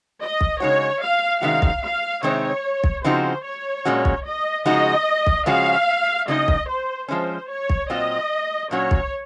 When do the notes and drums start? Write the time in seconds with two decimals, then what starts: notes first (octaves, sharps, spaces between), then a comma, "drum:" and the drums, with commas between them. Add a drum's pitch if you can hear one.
0.21 D#5
0.41 drum: kick
0.60 C#3 G#3 D#4 F#4 C#5
1.02 F5
1.41 C3 D#3 G#3 C#4 F#4 F5
1.62 drum: kick
1.82 F5
2.23 C3 D#3 G#3 C4 D#4 C#5
2.84 drum: kick
3.04 C#3 F3 C4 D#4 F#4 C5
3.44 C#5
3.85 A#2 G#3 C#4 F#4
4.05 drum: kick
4.25 D#5
4.65 C#3 F3 G#3 D#4 F#4 D#5
5.27 drum: kick
5.46 C#3 F3 G#3 C#4 F#4 F5
6.28 C#3 F#3 A#3 D#4 D#5
6.48 drum: kick
6.68 C5
7.08 F3 G#3 C#4 C5
7.49 C#5
7.70 drum: kick
7.89 A#2 F#3 C4 F4 D#5
8.71 A#2 F#3 C#4 F#4 C#5
8.91 drum: kick